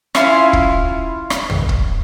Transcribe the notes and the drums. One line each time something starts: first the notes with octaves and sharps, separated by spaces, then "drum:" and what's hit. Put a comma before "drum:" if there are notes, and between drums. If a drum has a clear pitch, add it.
C#4 E4 F4 C6, drum: rim click
drum: kick
drum: rim click
drum: tom
drum: kick